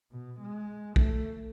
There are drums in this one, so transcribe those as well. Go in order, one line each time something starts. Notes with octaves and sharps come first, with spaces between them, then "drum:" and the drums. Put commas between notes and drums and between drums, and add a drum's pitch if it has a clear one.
B2
G#3
A3, drum: kick